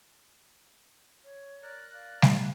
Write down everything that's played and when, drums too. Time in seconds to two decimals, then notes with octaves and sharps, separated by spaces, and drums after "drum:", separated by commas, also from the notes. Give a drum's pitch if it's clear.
1.24 C#5
1.63 A#4 D5 F#6
1.94 D5 F5
2.22 drum: snare G3